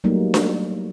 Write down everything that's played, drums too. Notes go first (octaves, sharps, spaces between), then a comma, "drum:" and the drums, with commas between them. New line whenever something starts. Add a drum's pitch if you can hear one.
F#3 G3 A3 A#3 D#4
drum: snare D4